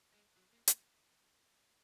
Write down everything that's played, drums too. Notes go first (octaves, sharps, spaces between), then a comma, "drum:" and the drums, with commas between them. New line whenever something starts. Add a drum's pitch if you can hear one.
G#3
F#3
A#3
A#3, drum: hi-hat